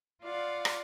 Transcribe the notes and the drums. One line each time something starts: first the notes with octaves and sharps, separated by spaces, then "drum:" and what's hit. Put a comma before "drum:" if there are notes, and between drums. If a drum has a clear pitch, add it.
F4 D5 F5 F#5
drum: rim click